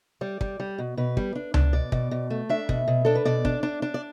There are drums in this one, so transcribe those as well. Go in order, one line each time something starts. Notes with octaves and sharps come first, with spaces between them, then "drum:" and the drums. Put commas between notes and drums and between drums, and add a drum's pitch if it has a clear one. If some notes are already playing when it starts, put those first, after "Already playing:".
G3 D5
G3, drum: kick
G3
B2
B2 B4
G3, drum: kick
D4
D4, drum: tom C#2
B2 D5
B2, drum: kick
B2
A3
D4 E5
B2, drum: kick
B2
D4 A4
B4
B2 D5
D4, drum: kick
D4
D4
D5